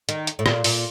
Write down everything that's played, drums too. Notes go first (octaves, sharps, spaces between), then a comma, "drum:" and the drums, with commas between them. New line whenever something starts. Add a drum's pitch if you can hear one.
D#3, drum: hi-hat
drum: hi-hat
A2
A#2, drum: rim click
A#2, drum: open hi-hat